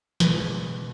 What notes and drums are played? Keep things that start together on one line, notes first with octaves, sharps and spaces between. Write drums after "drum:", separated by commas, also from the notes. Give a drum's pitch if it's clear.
F#1 E2 B2 G#3 B4, drum: snare